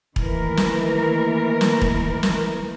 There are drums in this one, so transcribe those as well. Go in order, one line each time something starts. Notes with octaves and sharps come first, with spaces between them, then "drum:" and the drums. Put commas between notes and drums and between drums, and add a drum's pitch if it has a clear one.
D#3 E3 A3 A#3 A#4, drum: kick E1
drum: snare
drum: snare
drum: kick E1
drum: snare